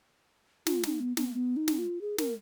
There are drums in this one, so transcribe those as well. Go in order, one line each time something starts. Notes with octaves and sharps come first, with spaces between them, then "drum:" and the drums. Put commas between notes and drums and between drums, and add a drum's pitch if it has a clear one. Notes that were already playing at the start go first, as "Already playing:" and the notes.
F4, drum: snare
D#4, drum: snare
B3
B3, drum: snare
B3
D#4
drum: snare
F4
G#4
A#4, drum: snare